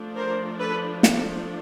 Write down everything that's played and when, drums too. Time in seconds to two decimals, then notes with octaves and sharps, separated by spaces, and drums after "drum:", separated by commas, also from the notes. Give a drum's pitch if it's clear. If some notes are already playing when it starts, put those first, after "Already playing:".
Already playing: F3 A3 D4
0.16 A#4 C5
0.59 A4 B4
1.03 drum: snare